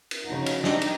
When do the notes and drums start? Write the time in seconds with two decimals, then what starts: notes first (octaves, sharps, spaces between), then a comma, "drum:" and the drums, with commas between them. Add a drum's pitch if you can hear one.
0.11 drum: cymbal
0.25 C#3 F3 D#4 F#4
0.46 drum: cymbal
0.64 D4 D#4 G4 D#5 E5, drum: snare
0.81 drum: cymbal